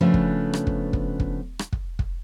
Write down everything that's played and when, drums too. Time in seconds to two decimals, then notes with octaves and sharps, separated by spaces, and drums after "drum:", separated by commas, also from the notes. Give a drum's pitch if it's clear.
0.01 C#3 F3 A3 B3 C#4 D4
0.14 drum: kick
0.53 drum: rim click
0.67 drum: kick
0.93 drum: kick
1.20 drum: kick
1.59 drum: rim click
1.73 drum: kick
1.99 drum: kick